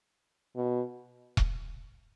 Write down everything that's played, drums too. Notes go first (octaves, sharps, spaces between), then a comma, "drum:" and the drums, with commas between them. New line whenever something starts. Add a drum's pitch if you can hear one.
B2
drum: kick E1